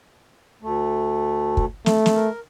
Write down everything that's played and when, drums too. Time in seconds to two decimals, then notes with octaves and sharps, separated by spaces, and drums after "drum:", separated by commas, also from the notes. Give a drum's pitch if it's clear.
0.62 D2 A3
1.57 drum: kick
1.86 A3, drum: snare
2.06 drum: snare
2.16 A#4